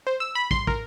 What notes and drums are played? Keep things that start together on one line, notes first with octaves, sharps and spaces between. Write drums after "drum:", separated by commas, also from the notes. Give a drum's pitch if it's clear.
C5
E6
B5
C6, drum: kick
A#4, drum: kick